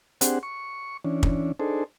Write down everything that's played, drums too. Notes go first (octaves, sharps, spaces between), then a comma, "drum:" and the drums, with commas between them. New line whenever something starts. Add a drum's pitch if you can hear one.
C4 D4 G4 G#4 C5 F#5, drum: hi-hat
C#6
E3 C#4 D4
drum: kick
D4 D#4 G#4 A4 C5